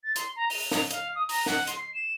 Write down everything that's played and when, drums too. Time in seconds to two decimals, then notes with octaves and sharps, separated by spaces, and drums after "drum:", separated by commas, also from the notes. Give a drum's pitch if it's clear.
0.04 A6
0.16 C6, drum: hi-hat
0.36 A#5
0.50 F7, drum: open hi-hat
0.71 drum: snare
0.91 F5, drum: hi-hat
1.15 D#6
1.29 A#5, drum: open hi-hat
1.46 F#5, drum: snare
1.67 C6, drum: hi-hat
1.79 C7
1.94 E7